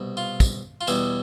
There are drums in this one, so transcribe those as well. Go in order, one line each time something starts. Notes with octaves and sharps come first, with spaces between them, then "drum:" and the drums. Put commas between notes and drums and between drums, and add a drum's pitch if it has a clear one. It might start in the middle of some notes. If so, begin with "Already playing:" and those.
Already playing: C2 B2
F4
drum: kick, tambourine
F4
E2 B2 G3 E4, drum: tambourine